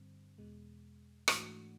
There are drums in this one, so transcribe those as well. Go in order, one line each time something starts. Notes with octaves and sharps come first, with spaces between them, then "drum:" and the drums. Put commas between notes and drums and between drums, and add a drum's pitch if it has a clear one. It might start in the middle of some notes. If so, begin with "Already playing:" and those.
Already playing: G2 D3 G3 C4
E2 B2 G#3
G#2 E3 A3 D4 F#4, drum: rim click